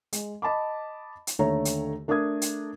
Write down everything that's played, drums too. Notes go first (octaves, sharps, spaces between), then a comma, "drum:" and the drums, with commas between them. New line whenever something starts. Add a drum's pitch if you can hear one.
G#3, drum: hi-hat
D#5 A5 B5 D6
drum: hi-hat
D#2 D3 A3 C#5 A#5
drum: hi-hat
A3 D4 A4 A#4 D#6 G#6
drum: hi-hat